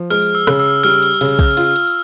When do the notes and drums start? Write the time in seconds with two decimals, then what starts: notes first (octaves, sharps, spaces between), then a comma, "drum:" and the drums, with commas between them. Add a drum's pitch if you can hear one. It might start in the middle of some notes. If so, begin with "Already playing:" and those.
Already playing: F3
0.10 G#3 F6, drum: cymbal
0.35 E6
0.47 C#3, drum: rim click
0.60 E6
0.83 G3 F6, drum: cymbal
1.02 drum: cymbal
1.21 C#3, drum: cymbal
1.39 drum: kick, cymbal
1.57 F4, drum: cymbal
1.75 drum: cymbal